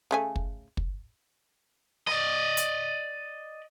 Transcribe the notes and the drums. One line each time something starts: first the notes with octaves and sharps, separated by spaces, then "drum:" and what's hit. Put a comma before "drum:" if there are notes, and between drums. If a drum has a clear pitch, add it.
C#3 A3 G#5
drum: kick
drum: kick
D5 D#5, drum: rim click
drum: hi-hat